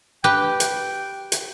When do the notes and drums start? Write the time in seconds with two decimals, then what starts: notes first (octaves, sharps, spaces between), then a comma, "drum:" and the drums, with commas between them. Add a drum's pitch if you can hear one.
0.24 G4 B4 G5
0.60 drum: hi-hat
1.32 drum: hi-hat